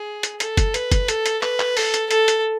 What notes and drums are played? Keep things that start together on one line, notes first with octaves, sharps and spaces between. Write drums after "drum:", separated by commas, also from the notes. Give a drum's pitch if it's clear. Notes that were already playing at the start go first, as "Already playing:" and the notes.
Already playing: G#4
drum: hi-hat
A4, drum: hi-hat
drum: kick, hi-hat
B4, drum: hi-hat
drum: kick, hi-hat
A4, drum: hi-hat
drum: hi-hat
B4, drum: clap
drum: clap
A4, drum: open hi-hat
drum: hi-hat
A4, drum: hi-hat
drum: hi-hat